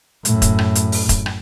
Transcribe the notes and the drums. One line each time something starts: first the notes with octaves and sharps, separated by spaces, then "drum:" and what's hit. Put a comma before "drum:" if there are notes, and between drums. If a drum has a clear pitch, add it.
F#2 A2, drum: hi-hat
drum: kick E1, hi-hat
drum: rim click
drum: hi-hat
drum: open hi-hat
drum: kick E1, hi-hat
drum: rim click